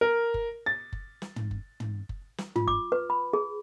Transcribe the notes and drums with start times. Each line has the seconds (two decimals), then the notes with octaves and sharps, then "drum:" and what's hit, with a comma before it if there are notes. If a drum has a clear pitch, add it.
0.01 A#4
0.34 drum: kick F#1
0.66 A6
0.93 drum: kick F#1
1.22 drum: snare
1.36 drum: tom
1.51 drum: kick F#1
1.80 drum: tom
2.09 drum: kick F#1
2.38 drum: snare
2.56 F4, drum: tom
2.68 D6, drum: kick F#1
2.92 B4
3.10 B5
3.33 G#4